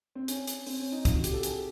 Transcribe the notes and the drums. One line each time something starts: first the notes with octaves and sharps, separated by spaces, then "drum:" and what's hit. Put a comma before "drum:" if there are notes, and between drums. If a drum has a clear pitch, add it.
C4
C#4, drum: hi-hat
drum: hi-hat
C4, drum: open hi-hat
C#4
D#4
F4, drum: kick C2, hi-hat
F#4
G4, drum: hi-hat
A4
G#4, drum: hi-hat
A4